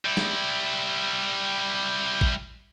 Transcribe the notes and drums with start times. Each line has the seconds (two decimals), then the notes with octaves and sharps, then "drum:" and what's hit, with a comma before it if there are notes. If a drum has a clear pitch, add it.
0.05 G3 E4
0.17 drum: snare
2.21 drum: kick A1